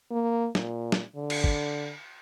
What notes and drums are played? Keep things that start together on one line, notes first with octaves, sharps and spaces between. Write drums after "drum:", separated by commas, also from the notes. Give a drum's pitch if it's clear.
A#3
A#2, drum: snare
drum: snare
D3
drum: cymbal
drum: kick